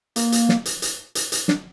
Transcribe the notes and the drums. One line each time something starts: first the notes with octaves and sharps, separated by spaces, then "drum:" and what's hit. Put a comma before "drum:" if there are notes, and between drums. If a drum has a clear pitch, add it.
A#3, drum: hi-hat
drum: hi-hat
drum: snare
drum: hi-hat
drum: hi-hat
drum: hi-hat
drum: hi-hat
D4, drum: snare